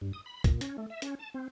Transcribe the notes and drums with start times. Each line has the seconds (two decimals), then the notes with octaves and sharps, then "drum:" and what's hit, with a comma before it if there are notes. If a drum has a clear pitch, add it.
0.01 G2
0.13 D#6
0.26 B5
0.44 A#2, drum: kick, hi-hat
0.61 C#4, drum: hi-hat
0.78 A3
0.90 E5
1.02 C#4, drum: hi-hat
1.19 A5
1.34 C4